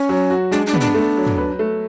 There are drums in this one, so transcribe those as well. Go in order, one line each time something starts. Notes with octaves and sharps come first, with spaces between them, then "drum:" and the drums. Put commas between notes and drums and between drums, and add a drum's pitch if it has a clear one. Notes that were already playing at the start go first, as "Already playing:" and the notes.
Already playing: C#4
F#3
F#4
G#3 D4
D4
B3, drum: tom
D4
A3
F#3
drum: tom
B4
A3